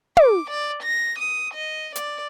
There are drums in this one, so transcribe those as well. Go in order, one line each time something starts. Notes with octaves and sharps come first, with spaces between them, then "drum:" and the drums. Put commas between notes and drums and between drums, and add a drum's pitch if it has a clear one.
D6, drum: tom
D5
A#6
D#6
D#5
D5, drum: hi-hat